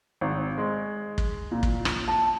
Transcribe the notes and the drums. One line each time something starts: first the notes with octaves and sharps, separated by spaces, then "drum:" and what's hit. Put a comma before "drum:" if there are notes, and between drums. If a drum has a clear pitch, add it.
G#1
G#3
drum: kick
A#2
drum: kick
drum: rim click
A5